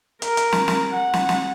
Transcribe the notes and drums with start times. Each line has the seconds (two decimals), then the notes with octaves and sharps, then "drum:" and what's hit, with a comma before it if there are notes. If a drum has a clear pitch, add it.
0.22 A#4, drum: hi-hat
0.37 drum: hi-hat
0.52 drum: snare
0.68 drum: snare
0.91 F#5
1.14 drum: snare
1.29 drum: snare